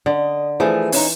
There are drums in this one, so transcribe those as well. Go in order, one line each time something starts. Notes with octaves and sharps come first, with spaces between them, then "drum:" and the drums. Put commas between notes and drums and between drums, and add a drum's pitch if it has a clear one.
D3 D#5
E3 F3 A3 G#4
C#4 D#4, drum: open hi-hat